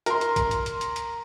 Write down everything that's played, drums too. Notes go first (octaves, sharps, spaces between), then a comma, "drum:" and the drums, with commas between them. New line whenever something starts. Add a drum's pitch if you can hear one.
A#4 C6, drum: hi-hat
drum: hi-hat
drum: kick B1, hi-hat
drum: hi-hat
drum: hi-hat
drum: hi-hat
drum: hi-hat